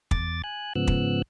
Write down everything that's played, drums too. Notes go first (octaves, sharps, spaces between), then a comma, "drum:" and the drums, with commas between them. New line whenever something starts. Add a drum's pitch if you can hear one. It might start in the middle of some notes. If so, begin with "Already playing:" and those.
E2 D6 A6, drum: kick
G#5 F#6
G#2 C#3 F3 B3 E6 F#6
drum: kick